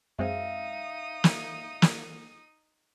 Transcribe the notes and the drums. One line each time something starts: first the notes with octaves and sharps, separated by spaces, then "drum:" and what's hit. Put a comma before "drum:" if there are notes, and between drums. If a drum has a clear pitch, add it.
F#2 G#3 C4 D#4 E5 F5 D#6
drum: snare
drum: snare